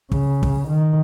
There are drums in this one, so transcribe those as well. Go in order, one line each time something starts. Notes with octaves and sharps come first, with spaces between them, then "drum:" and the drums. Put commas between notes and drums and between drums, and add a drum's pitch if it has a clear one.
C#3, drum: kick
drum: kick
D#3